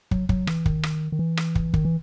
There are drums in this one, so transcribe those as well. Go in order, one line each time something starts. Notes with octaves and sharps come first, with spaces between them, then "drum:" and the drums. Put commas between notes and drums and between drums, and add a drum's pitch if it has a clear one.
F#3, drum: kick
F#3, drum: kick
E3, drum: rim click
D#3, drum: kick
drum: rim click
D#3
E3
drum: rim click
drum: kick
D#3, drum: kick
E3